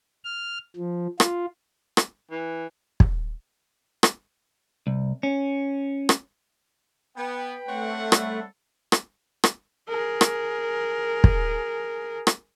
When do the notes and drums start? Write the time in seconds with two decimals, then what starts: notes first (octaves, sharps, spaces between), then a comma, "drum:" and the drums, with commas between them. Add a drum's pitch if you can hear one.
0.24 F6
0.76 F3
1.20 F4, drum: rim click
1.97 drum: rim click
2.31 E3
3.00 drum: kick
4.03 drum: rim click
4.87 C2
5.23 C#4
6.09 drum: rim click
7.16 B3 B4 G5
7.68 A3 C4 C#5 F#5
8.12 G3 A4, drum: rim click
8.92 drum: rim click
9.44 drum: rim click
9.89 G#4 A#4
10.21 drum: rim click
11.24 drum: kick
12.27 drum: rim click